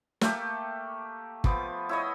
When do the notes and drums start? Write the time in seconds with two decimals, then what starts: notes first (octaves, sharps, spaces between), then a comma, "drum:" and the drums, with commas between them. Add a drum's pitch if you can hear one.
0.21 A3 A#3 G4, drum: snare
1.44 F3 B3 D6, drum: kick
1.89 E4 C#5 D#5